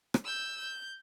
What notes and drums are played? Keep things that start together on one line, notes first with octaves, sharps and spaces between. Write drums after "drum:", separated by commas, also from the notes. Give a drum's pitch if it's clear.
drum: rim click
E6 G6
G6